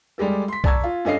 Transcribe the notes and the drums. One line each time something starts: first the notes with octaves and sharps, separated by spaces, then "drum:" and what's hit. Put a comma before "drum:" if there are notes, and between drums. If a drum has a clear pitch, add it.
G3 G#3 G4 A4
C6 B6
D5 A5 A#5 C#6 E6 G#6, drum: kick B1
F4
G2 C#4 A4 D#5 F5 C7